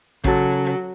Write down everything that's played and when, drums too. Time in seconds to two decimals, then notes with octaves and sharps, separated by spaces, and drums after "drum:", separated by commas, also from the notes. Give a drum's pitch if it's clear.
0.24 C#3 F#3 A4, drum: kick A1